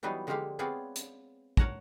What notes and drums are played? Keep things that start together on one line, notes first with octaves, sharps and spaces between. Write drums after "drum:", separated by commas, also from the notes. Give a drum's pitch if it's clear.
E3 F#3 G3 B3 D4 D#4
D3 F3 G#3 A#3 G4 F5
B3 C4 F4 G#4 C#5 D5
drum: hi-hat
A#4 C#5 F#5 A5 A#5, drum: kick